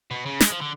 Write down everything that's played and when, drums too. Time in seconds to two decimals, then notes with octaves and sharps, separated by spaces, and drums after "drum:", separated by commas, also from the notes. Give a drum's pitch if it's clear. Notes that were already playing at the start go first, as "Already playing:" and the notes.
0.11 B2
0.26 C#3
0.41 G#3, drum: snare
0.50 F3
0.61 D3